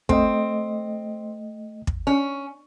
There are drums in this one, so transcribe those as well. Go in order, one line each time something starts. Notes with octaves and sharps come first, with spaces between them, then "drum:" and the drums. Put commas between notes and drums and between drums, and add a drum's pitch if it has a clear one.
A3 C4 D#5, drum: kick
drum: kick
C#4